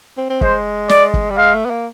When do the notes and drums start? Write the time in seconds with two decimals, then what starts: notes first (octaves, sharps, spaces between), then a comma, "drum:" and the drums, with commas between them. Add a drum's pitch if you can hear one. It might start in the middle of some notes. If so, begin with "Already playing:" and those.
0.17 C4
0.30 C4
0.41 G#3 C5, drum: kick
0.89 D5, drum: snare
1.14 drum: kick
1.30 G3
1.37 G#3 F5
1.54 A3
1.65 B3
1.70 A#3